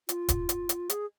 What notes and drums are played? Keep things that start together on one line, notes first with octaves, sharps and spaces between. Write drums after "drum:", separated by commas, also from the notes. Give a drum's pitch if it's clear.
F4, drum: hi-hat
drum: kick, hi-hat
drum: hi-hat
drum: hi-hat
G#4, drum: hi-hat